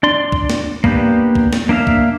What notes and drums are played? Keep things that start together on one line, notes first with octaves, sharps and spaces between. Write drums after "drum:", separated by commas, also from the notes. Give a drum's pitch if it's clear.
D4 D5 C6
drum: kick B1
drum: snare
A#3 B3 D4 G4, drum: kick B1
drum: kick B1
drum: snare
A#3 D4 E5 F5
drum: kick B1